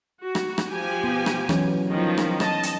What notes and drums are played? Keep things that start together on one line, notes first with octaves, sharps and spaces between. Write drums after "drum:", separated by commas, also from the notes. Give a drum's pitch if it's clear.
F#4
drum: rim click
drum: rim click
F3 G4 G#5
B3
drum: rim click
E3 F#3 C#4, drum: rim click
D#3 F3
drum: rim click
D#5 A5, drum: rim click
drum: hi-hat